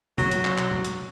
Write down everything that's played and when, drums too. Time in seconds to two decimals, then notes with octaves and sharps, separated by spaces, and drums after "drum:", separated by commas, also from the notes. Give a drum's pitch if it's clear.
0.18 F#3, drum: tom B2
0.31 drum: hi-hat
0.45 drum: clap
0.58 drum: clap
0.71 drum: tom B2
0.85 drum: hi-hat